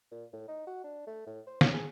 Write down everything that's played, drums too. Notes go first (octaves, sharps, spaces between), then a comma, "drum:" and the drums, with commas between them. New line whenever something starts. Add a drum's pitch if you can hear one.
A#2
A2
D#4
F#4
D4
A3
A2
C5
C#4, drum: snare
G#4